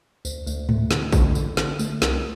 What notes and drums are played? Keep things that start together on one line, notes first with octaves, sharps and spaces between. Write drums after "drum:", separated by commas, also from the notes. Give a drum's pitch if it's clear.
D2, drum: tambourine
D2, drum: tambourine
A3, drum: tom G#2
D3, drum: snare
D3, drum: kick, tambourine
D3, drum: tambourine
D3, drum: snare
A3, drum: tambourine
C2, drum: snare